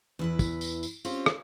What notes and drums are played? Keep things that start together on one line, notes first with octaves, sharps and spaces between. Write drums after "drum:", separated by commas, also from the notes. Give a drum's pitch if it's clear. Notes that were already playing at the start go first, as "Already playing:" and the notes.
E2 E4 B4
drum: kick, tambourine
drum: tambourine
drum: tambourine
C4 C#4 F4 G4, drum: tambourine
drum: rim click